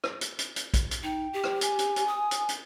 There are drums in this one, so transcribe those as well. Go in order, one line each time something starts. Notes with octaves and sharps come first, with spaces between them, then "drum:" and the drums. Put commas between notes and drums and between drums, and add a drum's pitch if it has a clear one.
drum: rim click
drum: hi-hat
drum: hi-hat
drum: hi-hat
drum: kick, hi-hat
drum: hi-hat
D#4 G5
G4
drum: rim click
G#5, drum: hi-hat
drum: hi-hat
drum: hi-hat
D#6
drum: hi-hat
drum: hi-hat